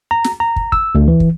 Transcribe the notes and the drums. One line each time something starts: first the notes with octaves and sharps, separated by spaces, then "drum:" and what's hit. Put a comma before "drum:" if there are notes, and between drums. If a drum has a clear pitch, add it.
A#5
drum: snare
A#5
drum: kick
E6, drum: kick
D2
E3
drum: kick